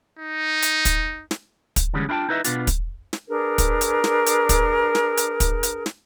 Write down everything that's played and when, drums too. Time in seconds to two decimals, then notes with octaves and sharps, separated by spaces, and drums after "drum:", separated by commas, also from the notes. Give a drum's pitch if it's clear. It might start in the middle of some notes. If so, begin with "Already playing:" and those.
0.19 D#4
0.63 drum: hi-hat
0.85 drum: kick, hi-hat
1.31 drum: snare
1.76 drum: kick, hi-hat
1.94 D3 E3 G3 G#3 C#4
2.09 D4 E4 F4 F5 G5 A5
2.29 D#4 E4 B4 D#5 E5
2.45 B2 B3 D4 F4, drum: hi-hat
2.67 drum: kick, hi-hat
3.13 drum: snare
3.29 D4 G#4 A#4 B4
3.58 drum: kick, hi-hat
3.81 drum: hi-hat
4.04 drum: snare
4.27 drum: hi-hat
4.49 drum: kick, hi-hat
4.95 drum: snare
5.18 drum: hi-hat
5.40 drum: kick, hi-hat
5.63 drum: hi-hat
5.86 drum: snare